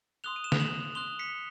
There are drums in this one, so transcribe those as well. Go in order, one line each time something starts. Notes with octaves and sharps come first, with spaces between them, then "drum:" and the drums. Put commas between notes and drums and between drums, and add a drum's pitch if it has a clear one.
C6 D#6 F#6 F7 G7
D#7
E7
F7, drum: snare
E7 F#7
C6 D#6 F#6 F7 G7
B6 C#7